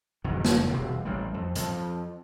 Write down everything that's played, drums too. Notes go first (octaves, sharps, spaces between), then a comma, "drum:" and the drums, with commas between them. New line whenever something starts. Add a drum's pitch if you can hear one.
F#1 F2 G#2 D#3
drum: snare
E1 C3
A1 G3
F2
F2 F3, drum: hi-hat